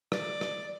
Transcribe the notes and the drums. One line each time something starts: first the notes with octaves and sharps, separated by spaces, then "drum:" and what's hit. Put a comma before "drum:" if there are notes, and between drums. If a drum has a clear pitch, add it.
D5, drum: rim click
drum: rim click